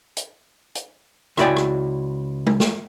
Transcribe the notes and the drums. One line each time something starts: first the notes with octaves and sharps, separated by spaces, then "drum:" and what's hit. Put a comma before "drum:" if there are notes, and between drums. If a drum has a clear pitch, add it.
drum: hi-hat
drum: hi-hat
C#2 E4 F#4 D5 G5 G#5, drum: rim click
drum: rim click
drum: tom G#3
drum: snare